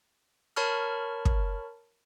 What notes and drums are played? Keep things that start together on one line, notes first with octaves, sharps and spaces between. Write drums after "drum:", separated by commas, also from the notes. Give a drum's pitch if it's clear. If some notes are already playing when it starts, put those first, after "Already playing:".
A#4 C#5 A5 B5 C#6 F6
drum: kick